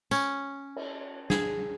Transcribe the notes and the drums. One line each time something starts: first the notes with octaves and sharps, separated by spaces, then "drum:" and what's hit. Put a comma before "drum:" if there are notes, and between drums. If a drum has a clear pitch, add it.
C#4, drum: tambourine
drum: cymbal
G#4, drum: snare